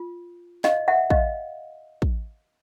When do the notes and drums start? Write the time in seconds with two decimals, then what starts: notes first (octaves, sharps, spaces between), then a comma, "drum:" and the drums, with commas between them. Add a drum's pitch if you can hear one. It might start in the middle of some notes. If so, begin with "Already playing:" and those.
Already playing: F4
0.64 D#5 F5, drum: snare
0.88 E5 F#5
1.10 D#5 F5, drum: kick
2.02 drum: kick